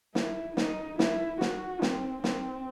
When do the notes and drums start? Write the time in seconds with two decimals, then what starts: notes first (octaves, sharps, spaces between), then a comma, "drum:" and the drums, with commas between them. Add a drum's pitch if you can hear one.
0.15 E4, drum: snare
0.57 D#4, drum: snare
0.99 E4, drum: snare
1.41 F#4, drum: snare
1.82 C4, drum: snare
2.24 C4, drum: snare